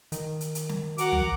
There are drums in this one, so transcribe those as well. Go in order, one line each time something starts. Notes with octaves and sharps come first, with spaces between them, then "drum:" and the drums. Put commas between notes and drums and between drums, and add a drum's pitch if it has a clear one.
D#3, drum: hi-hat
drum: hi-hat
drum: hi-hat
drum: snare
F#4 A#4 F#5 D6, drum: hi-hat
drum: tom